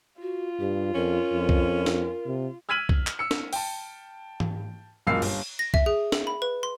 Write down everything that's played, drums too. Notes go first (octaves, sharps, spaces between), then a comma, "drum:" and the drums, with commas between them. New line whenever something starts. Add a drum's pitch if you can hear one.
F4 F#4
G2 G4
F2 C#4 A#4
F2
drum: kick
drum: snare
C3
E6 F6 G#6 B6 D#7 F#7
drum: kick
drum: clap
E6 C#7
drum: snare
G5 A5, drum: open hi-hat
drum: tom
F#1 C#2 A#2 F5 E6 C7
G1, drum: cymbal
A#6
E5, drum: kick
G#4
F#7, drum: snare
B5
B4
C6